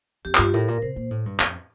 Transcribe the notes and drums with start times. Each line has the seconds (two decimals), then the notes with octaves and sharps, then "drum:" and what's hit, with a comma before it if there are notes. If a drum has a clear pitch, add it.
0.25 F2 G4
0.35 F4, drum: clap
0.38 G2 G4
0.54 A2 A#4
0.68 A#2 A#4
0.82 C3 C5
0.96 A#2
1.11 A2
1.26 G2
1.40 F2, drum: clap